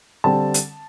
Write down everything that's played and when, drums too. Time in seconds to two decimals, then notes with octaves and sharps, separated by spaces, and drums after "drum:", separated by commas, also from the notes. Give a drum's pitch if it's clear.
0.24 D3 G3 C4 A5
0.54 drum: hi-hat